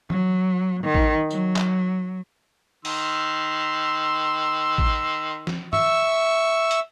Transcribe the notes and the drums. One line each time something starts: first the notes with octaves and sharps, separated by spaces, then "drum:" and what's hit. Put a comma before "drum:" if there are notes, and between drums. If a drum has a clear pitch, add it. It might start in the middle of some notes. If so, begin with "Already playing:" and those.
F#3, drum: tom
D#3
drum: kick A1
F#3, drum: tambourine
drum: clap
D#3 C6 E6, drum: open hi-hat
drum: kick A1
drum: snare
E5 C#6 E6, drum: tom
drum: hi-hat